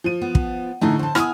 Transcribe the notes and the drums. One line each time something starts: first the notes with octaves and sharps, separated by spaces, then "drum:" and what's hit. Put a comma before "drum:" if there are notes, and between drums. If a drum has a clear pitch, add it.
F3 D#7
B3
drum: kick
A2 D3 A3 D#4 G#4
C5 A5
B3 E4 G#5 D#6 F6, drum: rim click